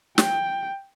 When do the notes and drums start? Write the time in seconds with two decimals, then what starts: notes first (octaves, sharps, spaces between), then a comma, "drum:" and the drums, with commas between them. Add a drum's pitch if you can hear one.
0.18 G5, drum: snare